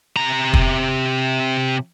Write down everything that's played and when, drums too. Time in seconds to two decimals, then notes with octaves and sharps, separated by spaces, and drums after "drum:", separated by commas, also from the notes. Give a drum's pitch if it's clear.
0.16 C3 A#5
0.53 drum: kick